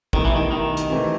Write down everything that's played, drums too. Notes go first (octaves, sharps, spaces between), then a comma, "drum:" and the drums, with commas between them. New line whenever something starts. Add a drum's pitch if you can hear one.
B2 D#3 A3 E4 G4, drum: kick
E3
D#3
D#3
drum: hi-hat
C3 E3 A3